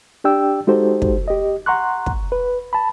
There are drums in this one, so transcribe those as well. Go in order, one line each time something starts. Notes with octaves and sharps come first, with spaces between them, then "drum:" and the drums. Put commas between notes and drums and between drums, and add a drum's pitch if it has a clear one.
D4 G4 D5 G5 E6
G#3 D#4 F#4 G4 A4 C5
drum: kick
G4 D#5
F#5 A#5 C6 C#6 F#6
drum: kick
B4
A5 B5